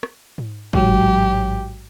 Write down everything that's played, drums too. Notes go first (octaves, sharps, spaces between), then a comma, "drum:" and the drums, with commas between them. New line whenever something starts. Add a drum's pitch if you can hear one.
drum: rim click
drum: tom G#2
A1 G#2 F#3 G4, drum: kick